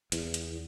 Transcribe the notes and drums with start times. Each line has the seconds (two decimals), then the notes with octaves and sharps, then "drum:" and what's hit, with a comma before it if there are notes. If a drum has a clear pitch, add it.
0.12 E2, drum: hi-hat
0.34 drum: hi-hat